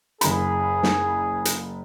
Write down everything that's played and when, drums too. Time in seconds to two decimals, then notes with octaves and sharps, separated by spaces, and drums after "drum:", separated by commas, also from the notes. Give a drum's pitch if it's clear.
0.21 F#1 G#4 B5, drum: hi-hat
0.83 drum: snare
1.45 drum: hi-hat